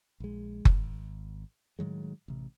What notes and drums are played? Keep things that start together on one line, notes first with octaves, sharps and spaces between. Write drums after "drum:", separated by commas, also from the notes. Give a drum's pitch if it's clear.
A#1 G#3
G#1, drum: kick F#1
A2 D#3 F#3 G#3
A1 C3